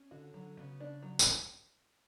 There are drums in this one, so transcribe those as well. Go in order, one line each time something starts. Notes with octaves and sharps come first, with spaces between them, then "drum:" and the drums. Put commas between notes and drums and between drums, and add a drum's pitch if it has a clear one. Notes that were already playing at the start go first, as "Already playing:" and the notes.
Already playing: C#4
D3 F#4
D3 F#3
C#3 B3
D4
F#3
drum: tambourine